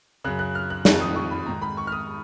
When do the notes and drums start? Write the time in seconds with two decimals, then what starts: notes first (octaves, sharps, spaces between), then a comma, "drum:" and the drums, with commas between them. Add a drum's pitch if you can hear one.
0.24 F#2 C#3 F#6
0.39 F#6
0.55 F6
0.70 F#6
0.85 F2 D#3 F#6, drum: snare
1.01 D#6
1.16 C#6
1.31 B5
1.46 G#2 D#3 A#5
1.62 B5
1.77 C#6
1.87 F6
1.92 D#6